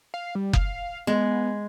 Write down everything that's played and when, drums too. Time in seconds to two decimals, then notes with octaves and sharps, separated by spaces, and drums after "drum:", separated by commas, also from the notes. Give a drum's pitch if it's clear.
0.14 F5
0.35 G3
0.53 F5, drum: kick F#1
1.07 G#3 B3